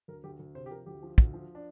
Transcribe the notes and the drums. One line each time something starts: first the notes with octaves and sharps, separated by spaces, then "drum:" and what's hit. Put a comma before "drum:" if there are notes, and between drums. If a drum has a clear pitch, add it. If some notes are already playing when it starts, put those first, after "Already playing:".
D2 A#4
D2 G4
D2
C3 C5
G4
F3 A#4
D2 G4
F3
D2, drum: kick
F3
D4